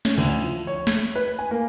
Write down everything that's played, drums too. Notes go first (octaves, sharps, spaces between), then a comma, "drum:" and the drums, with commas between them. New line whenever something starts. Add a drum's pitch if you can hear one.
C#4, drum: snare
D2, drum: cymbal
F3
C#5
G#6, drum: snare
B4
G#5
A#3